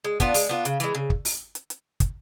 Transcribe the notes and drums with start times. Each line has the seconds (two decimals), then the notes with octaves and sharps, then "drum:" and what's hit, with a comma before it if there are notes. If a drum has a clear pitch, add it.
0.04 G#3
0.20 B3 D4 F4, drum: kick, hi-hat
0.34 G#3, drum: open hi-hat
0.49 B3 D4 F4
0.65 C#3, drum: hi-hat
0.80 E3 G#3, drum: hi-hat
0.95 C#3
1.10 drum: kick
1.25 drum: open hi-hat
1.55 drum: hi-hat
1.70 drum: hi-hat
2.00 drum: kick, hi-hat